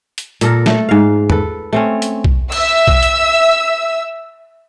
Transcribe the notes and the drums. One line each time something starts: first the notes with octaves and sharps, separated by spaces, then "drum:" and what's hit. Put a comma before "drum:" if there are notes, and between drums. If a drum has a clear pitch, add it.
drum: hi-hat
A#2 A4 A#4, drum: hi-hat
A3 A4, drum: snare
G#2 F5
A4 B4, drum: tom E2
A3 C4 C#4
drum: hi-hat
drum: kick B1
E5 E6, drum: cymbal
drum: kick B1
drum: hi-hat